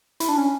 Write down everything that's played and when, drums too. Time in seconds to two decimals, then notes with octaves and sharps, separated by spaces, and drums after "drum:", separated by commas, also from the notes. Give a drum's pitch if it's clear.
0.20 E4, drum: hi-hat
0.29 D4
0.37 C#4